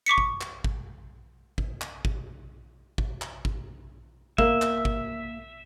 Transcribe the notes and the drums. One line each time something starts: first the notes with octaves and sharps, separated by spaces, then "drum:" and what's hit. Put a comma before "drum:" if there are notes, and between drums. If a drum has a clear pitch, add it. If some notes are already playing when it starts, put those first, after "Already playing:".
C#6 D6 B6 C#7
drum: kick G#1
drum: clap
drum: kick G#1
drum: kick G#1
drum: clap
drum: kick G#1
drum: kick G#1
drum: clap
drum: kick G#1
A#3 E5, drum: kick G#1
drum: clap
drum: kick G#1